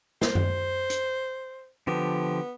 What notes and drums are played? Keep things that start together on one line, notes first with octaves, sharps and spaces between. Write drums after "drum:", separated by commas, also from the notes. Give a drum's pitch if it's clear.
C5, drum: snare
drum: tom F#2
drum: hi-hat
D3 F3 B3 G4